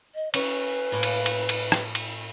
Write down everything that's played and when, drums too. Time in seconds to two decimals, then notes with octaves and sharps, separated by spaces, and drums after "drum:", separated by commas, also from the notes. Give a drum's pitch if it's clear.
0.15 D#5
0.34 C#4 B4, drum: cymbal
0.92 A2 A#3
1.03 drum: cymbal
1.26 drum: cymbal
1.49 drum: cymbal
1.72 drum: rim click
1.95 drum: cymbal